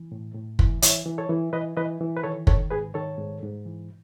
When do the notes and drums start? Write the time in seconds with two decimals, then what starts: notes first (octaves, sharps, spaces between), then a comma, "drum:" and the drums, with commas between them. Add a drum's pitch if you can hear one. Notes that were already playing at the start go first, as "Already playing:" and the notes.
Already playing: E3
0.12 A2
0.34 A2
0.59 E3, drum: kick
0.82 E3 C#5 E5, drum: hi-hat
1.06 E3
1.18 A4 C#5
1.29 E3
1.53 E3 B4 D#5
1.77 E3 B4 D#5
2.01 E3
2.17 B4
2.23 D#3 A4 C#5
2.47 D#3 A4 C#5, drum: kick
2.70 G#2 G#4 B4
2.94 D#3 A4 C#5
3.18 G#2
3.42 G#2
3.66 E3